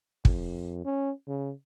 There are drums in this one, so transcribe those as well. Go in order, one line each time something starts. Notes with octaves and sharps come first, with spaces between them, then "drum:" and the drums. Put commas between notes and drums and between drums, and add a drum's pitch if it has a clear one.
F2, drum: kick
C#4
C#3